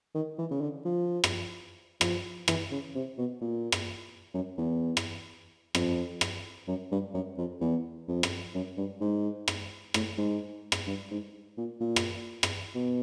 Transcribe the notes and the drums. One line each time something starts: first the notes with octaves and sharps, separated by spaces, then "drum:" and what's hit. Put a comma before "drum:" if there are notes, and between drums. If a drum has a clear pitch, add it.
D#3
E3
C#3
D3
F3
drum: rim click
F3, drum: rim click
E3, drum: rim click
C#3
C3
B2
A#2
drum: rim click
F#2
E2
drum: rim click
F2, drum: rim click
drum: rim click
F#2
G2
F#2
F2
E2
F2
drum: rim click
F#2
G2
G#2
drum: rim click
A2, drum: rim click
G#2
drum: rim click
G2
G#2
A#2
A#2
drum: rim click
drum: rim click
B2